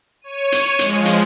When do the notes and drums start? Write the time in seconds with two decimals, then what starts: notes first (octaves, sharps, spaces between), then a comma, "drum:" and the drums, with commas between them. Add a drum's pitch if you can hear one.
0.22 C#5 D#7
0.52 drum: hi-hat
0.79 F3 G#3, drum: hi-hat
1.06 drum: hi-hat